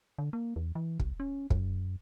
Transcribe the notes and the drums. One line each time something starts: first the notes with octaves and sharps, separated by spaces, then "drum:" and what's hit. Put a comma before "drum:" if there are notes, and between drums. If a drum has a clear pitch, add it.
D3
A#3
E2
E3
C2, drum: kick
C#4
F#2, drum: kick